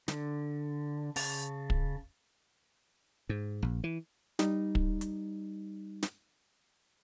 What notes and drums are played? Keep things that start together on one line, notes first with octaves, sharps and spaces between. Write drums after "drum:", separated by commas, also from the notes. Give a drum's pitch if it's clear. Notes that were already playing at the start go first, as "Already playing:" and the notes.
D3, drum: snare
C#3 A5, drum: open hi-hat
drum: kick
G#2
A#1
E3
G3 D#4, drum: snare
drum: kick
drum: hi-hat
drum: snare